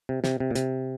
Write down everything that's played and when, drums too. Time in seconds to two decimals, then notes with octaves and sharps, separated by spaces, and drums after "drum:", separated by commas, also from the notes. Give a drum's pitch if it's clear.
0.09 C3
0.24 C3, drum: snare
0.40 C3
0.51 A#2
0.55 C3, drum: hi-hat